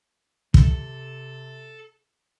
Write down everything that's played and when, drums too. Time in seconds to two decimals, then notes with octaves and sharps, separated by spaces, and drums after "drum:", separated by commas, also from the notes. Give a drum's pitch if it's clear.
0.54 C3 A4, drum: kick